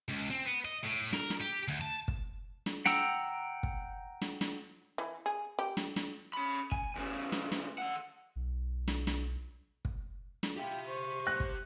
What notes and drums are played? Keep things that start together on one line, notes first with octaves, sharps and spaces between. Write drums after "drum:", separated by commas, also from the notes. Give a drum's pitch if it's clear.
C#2
C4
B3
D#5
A2
A#4, drum: snare
drum: snare
G4
D2
A5
drum: kick
drum: snare
F#5 G5 A#5 E6, drum: snare
drum: kick
drum: snare
drum: snare
E3
G#4
G4
drum: snare
drum: snare
C#4 B5
G#5, drum: kick
E2 C#3
drum: snare
drum: snare
D#3 F#5
B1
drum: snare
drum: snare
drum: kick
drum: snare
E4 F4 G4 E5 G5
C5 C#6
F#6 A#6
drum: kick